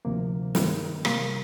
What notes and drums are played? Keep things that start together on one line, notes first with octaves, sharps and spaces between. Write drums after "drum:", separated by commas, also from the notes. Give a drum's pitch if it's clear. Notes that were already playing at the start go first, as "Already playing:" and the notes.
D2 C3 F3 A#3
G2 D#3 A#3, drum: snare
C3 G3 A#3, drum: rim click